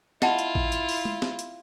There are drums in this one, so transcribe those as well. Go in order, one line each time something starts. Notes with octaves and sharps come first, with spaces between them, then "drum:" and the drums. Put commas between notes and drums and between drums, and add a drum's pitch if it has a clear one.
E4 F4 D#5 F#5 A5, drum: snare
drum: hi-hat
drum: kick
drum: hi-hat
drum: open hi-hat
drum: tom G#3
drum: snare
drum: hi-hat